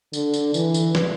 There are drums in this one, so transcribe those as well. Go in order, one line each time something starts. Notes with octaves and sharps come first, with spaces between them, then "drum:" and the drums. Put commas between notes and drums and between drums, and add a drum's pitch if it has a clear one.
D3, drum: tambourine
drum: tambourine
E3, drum: tambourine
drum: tambourine
drum: snare